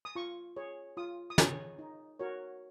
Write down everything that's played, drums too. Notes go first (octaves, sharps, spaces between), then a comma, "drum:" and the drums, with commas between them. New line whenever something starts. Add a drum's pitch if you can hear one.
D#6
F4 C#6
G#4 C#5
F4 D#6
D#6
G#4 C#5 C#6, drum: snare
D#4
F#4 A#4 C#5